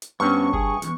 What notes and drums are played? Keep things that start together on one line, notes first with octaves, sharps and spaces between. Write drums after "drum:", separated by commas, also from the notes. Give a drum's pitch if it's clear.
drum: hi-hat
G2 B3 C#4 C#6
G#4, drum: kick F#1
B1 E2, drum: hi-hat